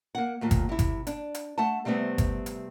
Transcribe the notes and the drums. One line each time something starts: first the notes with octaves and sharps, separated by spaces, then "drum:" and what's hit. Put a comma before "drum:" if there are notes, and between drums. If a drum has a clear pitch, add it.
A#3 F#5
D#2 A#2 A3
drum: kick G1, hi-hat
C3 E4
drum: kick G1, hi-hat
D4, drum: hi-hat
drum: hi-hat
A3 F#5 A5
C3 G3 A3 B3 C4
drum: kick G1, hi-hat
drum: hi-hat